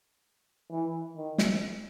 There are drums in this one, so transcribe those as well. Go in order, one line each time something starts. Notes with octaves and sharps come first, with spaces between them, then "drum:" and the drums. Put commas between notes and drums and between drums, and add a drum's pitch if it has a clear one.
E3
D#3
drum: snare